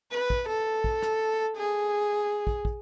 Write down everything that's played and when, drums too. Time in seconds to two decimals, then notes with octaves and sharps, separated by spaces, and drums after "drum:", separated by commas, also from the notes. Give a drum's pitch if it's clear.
0.12 B4
0.30 drum: kick
0.49 A4
0.84 drum: kick
1.02 drum: rim click
1.57 G#4
2.47 drum: kick
2.65 drum: kick